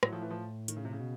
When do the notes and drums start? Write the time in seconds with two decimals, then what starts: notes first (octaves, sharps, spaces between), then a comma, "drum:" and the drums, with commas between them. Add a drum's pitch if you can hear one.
0.03 A2 F#3, drum: rim click
0.12 F3
0.21 E3
0.31 F3
0.68 D#3, drum: hi-hat
0.76 C#3
0.85 C3
0.93 C#3
1.00 B2